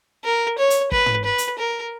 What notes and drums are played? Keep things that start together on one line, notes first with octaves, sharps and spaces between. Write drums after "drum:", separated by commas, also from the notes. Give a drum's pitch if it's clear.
A#4
C#5
drum: hi-hat
B4, drum: kick
drum: tom
B4
drum: hi-hat
A#4